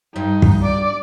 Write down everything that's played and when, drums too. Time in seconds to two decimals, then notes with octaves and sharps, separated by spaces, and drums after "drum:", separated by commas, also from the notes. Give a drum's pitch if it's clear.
0.16 G2 D#4
0.42 drum: kick
0.64 D5 D6